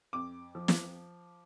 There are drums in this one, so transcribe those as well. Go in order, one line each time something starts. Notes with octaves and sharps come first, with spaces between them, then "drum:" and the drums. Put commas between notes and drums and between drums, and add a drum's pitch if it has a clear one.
F2 D6
F3
drum: snare